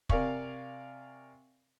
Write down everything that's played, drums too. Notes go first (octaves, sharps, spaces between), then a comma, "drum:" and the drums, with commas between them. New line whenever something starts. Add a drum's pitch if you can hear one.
C3 A#4 D5 F5 G#5 C#6, drum: kick